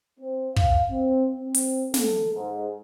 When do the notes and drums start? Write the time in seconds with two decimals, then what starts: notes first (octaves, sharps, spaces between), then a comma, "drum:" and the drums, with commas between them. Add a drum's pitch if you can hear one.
0.19 C4
0.56 F5, drum: kick
0.90 C4
1.40 C4
1.54 drum: hi-hat
1.94 A4, drum: snare
2.34 G#2